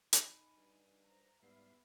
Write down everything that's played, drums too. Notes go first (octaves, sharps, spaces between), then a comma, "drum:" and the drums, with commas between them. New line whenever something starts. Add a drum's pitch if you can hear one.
D#4 G#5 B5, drum: hi-hat
G2
C5 A#5
G#2 G3 B3 E5 F5 B5